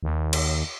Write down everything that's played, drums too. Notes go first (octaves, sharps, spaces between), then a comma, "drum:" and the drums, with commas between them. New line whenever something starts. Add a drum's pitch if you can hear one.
D#2
drum: cymbal